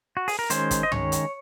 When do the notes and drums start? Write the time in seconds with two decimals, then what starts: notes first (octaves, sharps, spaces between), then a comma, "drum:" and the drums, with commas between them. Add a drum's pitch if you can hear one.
0.17 F#4
0.28 G#4, drum: open hi-hat
0.39 A#4
0.50 D#3 G#3 C#4 C5, drum: hi-hat
0.71 drum: kick, hi-hat
0.83 D#5
0.92 D#3 G#3 C#4 C#5, drum: tom
1.12 drum: hi-hat